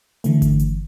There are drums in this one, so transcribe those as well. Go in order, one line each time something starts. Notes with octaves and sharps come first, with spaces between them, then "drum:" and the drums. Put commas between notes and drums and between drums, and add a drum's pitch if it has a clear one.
D3 E3 A3, drum: hi-hat
drum: kick G1, hi-hat
drum: hi-hat